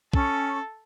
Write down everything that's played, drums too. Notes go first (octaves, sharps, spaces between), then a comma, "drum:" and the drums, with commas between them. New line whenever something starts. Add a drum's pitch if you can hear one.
C#4 A4, drum: kick